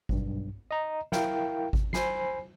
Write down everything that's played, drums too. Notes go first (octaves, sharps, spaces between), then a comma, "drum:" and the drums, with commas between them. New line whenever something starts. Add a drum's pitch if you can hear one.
B1 G2, drum: kick G#1
D#5 A#5
E4 A#4 F5 G5, drum: snare
drum: kick G#1
C5 G#5 B5 C7, drum: snare